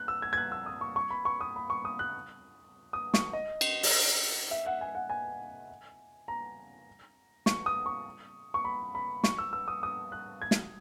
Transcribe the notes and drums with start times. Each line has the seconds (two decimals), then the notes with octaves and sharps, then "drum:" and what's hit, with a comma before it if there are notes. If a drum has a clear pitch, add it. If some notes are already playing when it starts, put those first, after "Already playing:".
Already playing: F#6
0.08 E6
0.22 G#6
0.33 G#6
0.37 F#6
0.52 E6
0.66 D#6
0.81 C#6
0.96 C#6
1.11 B5
1.25 C#6
1.41 D#6
1.56 B5
1.70 C#6
1.85 D#6
1.99 F#6
2.93 D#6
3.14 C#6, drum: snare
3.33 D#5
3.61 drum: cymbal
3.83 drum: open hi-hat
4.51 E5
4.66 F#5
4.81 G#5
4.95 F#5
5.10 G#5
6.28 A#5
7.46 C#6, drum: snare
7.66 D#6
7.86 C#6
8.54 C#6
8.65 B5
8.95 B5
9.24 C#6, drum: snare
9.38 E6
9.53 E6
9.68 D#6
9.83 D#6
10.12 F#6
10.42 G#6
10.51 drum: snare